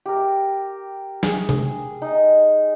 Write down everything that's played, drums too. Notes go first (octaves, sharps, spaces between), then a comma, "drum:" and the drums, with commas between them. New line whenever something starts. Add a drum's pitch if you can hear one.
G4 A#4
G#4, drum: snare
drum: tom C3
D#4